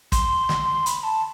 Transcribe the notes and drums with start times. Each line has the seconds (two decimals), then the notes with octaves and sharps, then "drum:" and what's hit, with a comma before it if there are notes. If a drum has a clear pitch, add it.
0.12 C6, drum: kick, hi-hat
0.49 drum: snare
0.86 B5, drum: hi-hat
1.03 A5